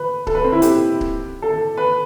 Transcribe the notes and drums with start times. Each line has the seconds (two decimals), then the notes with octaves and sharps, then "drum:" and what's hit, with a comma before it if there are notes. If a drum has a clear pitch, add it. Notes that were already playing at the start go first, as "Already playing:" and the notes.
Already playing: B4
0.27 A4, drum: kick C#1
0.35 B4
0.44 C4
0.52 E4
0.62 G4, drum: hi-hat
1.01 drum: kick C#1
1.42 A4
1.77 B4